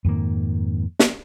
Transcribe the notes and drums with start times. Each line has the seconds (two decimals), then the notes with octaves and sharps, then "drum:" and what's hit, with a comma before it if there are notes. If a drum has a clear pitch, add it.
0.04 F2 G#2 D#3 A#3
0.99 drum: snare